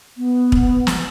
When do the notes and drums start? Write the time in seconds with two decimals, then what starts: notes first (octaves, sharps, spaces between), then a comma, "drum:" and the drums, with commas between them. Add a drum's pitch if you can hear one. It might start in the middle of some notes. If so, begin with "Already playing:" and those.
0.18 B3
0.52 drum: kick
0.87 drum: snare